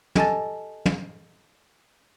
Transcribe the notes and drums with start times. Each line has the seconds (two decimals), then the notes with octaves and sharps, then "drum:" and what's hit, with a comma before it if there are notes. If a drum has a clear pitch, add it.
0.15 G4 A4 D#5 G#5 A5 A6, drum: tom
0.86 drum: tom